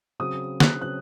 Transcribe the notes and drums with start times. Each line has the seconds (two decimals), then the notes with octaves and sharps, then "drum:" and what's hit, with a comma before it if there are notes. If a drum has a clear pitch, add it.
0.20 C#3 F#3 C4 D#6
0.60 F#6, drum: snare
0.81 C#3 F#3 C4 F#6